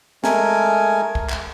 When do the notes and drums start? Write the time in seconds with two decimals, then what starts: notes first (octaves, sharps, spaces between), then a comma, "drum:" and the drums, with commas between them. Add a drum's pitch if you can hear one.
0.24 G#3 A3 A#4 G#5, drum: snare
1.15 drum: kick
1.30 drum: clap